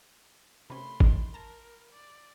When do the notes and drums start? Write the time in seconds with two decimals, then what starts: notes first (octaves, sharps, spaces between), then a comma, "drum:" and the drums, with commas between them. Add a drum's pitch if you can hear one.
0.70 C3 A3 C#4 B5 C6
1.00 E3 D#4, drum: kick G#1
1.34 A#4 A5 A#5
1.92 D5